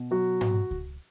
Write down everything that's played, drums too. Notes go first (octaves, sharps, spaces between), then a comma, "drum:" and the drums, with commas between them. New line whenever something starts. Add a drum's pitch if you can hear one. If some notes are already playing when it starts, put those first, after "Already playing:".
Already playing: B2
F#3 F#4
drum: tom G#2
drum: kick C#2